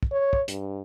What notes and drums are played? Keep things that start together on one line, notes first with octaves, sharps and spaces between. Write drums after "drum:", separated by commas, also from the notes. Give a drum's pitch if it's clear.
drum: kick
C#5
drum: kick
G2, drum: hi-hat